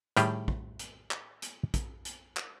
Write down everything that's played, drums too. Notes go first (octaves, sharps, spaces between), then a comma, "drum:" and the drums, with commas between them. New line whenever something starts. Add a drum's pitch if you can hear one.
A2 D#3 G3 G4 G#4, drum: hi-hat
drum: kick
drum: hi-hat
drum: clap
drum: hi-hat
drum: kick, hi-hat
drum: hi-hat
drum: clap